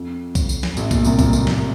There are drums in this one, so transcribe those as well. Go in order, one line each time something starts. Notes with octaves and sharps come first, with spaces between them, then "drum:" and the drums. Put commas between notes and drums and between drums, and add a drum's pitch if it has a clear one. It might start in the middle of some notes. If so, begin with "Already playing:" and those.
Already playing: F2
drum: kick B1, tambourine
drum: tambourine
drum: snare
A1 A2, drum: tambourine
A#1 A#2, drum: kick B1, tambourine
C2 C3, drum: tambourine
A#2 A#3, drum: kick B1, tambourine
drum: tambourine
drum: snare